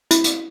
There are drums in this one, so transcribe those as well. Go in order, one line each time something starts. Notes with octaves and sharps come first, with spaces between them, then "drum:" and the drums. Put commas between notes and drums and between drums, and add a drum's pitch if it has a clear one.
E4, drum: hi-hat
drum: hi-hat